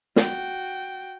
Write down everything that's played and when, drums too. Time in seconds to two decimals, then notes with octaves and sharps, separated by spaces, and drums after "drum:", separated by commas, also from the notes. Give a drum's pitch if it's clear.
0.16 F#4 G5, drum: snare